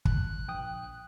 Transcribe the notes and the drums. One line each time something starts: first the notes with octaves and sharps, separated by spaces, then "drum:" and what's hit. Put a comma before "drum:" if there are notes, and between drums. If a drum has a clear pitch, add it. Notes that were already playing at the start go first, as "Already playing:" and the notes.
F#6, drum: kick
A#1 G5 D#6